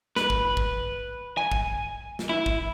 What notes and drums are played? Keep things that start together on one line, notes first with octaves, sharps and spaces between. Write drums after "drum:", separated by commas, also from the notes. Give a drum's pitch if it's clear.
B4, drum: snare
drum: kick
drum: kick
G#5
drum: kick
drum: snare
E4
drum: kick